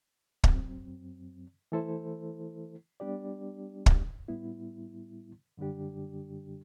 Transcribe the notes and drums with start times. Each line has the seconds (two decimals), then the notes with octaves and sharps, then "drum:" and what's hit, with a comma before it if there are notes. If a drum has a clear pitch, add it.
0.44 F#2 F#3 C4, drum: kick
1.72 E3 A3 E4 A4 C5
3.00 G3 B3 D4 G4 D5
3.86 drum: kick
4.28 A2 G3 B3 E4
5.57 F#2 D3 G3 D4 G4